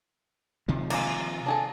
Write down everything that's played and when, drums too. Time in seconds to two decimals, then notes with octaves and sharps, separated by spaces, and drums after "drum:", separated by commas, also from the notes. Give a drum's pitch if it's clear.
0.68 C3 D#3 F3
0.90 G#3 A#3, drum: cymbal
1.46 D4 G#4 A4